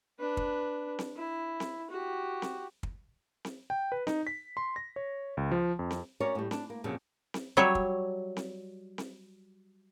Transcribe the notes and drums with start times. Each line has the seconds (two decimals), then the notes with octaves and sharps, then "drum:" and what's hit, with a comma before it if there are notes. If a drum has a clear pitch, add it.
0.19 D4 B4
0.37 drum: kick
0.99 drum: snare C4
1.17 E4
1.60 drum: snare C4
1.91 F#4 G4
2.42 drum: snare C4
2.83 drum: kick
3.45 drum: snare C4
3.70 G5
3.92 B4
4.07 D#4, drum: snare C4
4.27 B6
4.57 C6
4.76 A#6
4.96 C#5
5.37 C#2
5.51 F3
5.79 F2
5.91 drum: snare C4
6.20 C#4 F#4 A#4 C#5 D5
6.35 A2 G3
6.51 D4, drum: snare C4
6.70 A#3
6.84 F2 A#2 C#3 F#3 G3
7.34 drum: snare C4
7.57 F#3 G3 C#5 E5
7.75 drum: kick
8.37 drum: snare C4
8.98 drum: snare C4